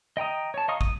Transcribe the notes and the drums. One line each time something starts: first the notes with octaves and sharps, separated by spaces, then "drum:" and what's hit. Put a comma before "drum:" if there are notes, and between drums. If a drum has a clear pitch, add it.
D#5 G5 A#5 D#6
C#5 A5
D#5 F5 A#5 C#6 D#6
D#6, drum: kick